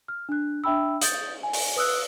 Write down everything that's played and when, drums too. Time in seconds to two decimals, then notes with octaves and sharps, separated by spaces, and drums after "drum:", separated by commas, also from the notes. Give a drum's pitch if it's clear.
0.08 F6
0.29 D4 F#6
0.64 D4 E5 G5 B5 E6
1.01 D#6 G6 A6, drum: hi-hat
1.43 G#5
1.53 drum: open hi-hat
1.76 B4 D#6 E6 F#6